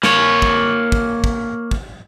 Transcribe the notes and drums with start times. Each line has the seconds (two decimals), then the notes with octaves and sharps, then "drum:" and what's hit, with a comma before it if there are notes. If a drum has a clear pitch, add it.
0.03 A#3 C#5, drum: snare
0.42 drum: kick
0.92 drum: kick
1.24 drum: kick
1.71 drum: kick